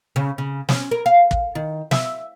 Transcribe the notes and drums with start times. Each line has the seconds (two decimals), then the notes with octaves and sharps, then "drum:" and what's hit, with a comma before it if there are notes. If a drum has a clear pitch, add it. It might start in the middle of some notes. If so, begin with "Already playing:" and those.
0.16 C#3
0.38 C#3
0.69 C#4, drum: snare
0.91 A#4
1.06 F5
1.31 drum: kick
1.55 D#3
1.91 E5, drum: snare